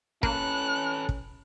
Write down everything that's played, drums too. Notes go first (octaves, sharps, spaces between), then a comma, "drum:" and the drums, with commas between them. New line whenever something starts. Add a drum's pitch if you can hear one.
A#3 C#4 A4 B4 F#6, drum: kick
drum: kick